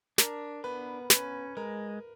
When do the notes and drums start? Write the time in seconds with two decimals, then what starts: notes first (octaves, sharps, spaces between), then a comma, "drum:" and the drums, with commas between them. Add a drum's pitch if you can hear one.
0.18 D4 A#4, drum: snare
0.64 B3 B4
1.10 C#4 B4, drum: snare
1.57 G#3 A#4